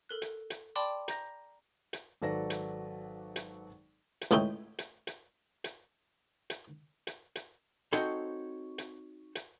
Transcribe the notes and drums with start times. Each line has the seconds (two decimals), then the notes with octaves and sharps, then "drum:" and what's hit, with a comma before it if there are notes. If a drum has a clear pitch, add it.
0.09 A4 A#4 F#6
0.22 drum: hi-hat
0.50 drum: hi-hat
0.76 D5 G5 A5 B5 C6 D6
1.08 A#5 G6 A#6, drum: hi-hat
1.93 drum: hi-hat
2.22 G#1 F#3 A4 B4 D5 A#6
2.50 drum: hi-hat
3.36 drum: hi-hat
4.21 drum: hi-hat
4.31 C#2 A2 C#4 D#4 E5 G5
4.79 drum: hi-hat
5.07 drum: hi-hat
5.64 drum: hi-hat
6.50 drum: hi-hat
7.07 drum: hi-hat
7.35 drum: hi-hat
7.93 C4 D#4 F#4 A4 C5 C#5, drum: hi-hat
8.78 drum: hi-hat
9.35 drum: hi-hat